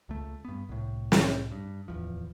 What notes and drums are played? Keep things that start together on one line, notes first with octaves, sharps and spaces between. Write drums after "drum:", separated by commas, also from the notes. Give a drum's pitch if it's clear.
C#2 A3
G2 B3
C2 A2
drum: snare
G2
D1 E2 F3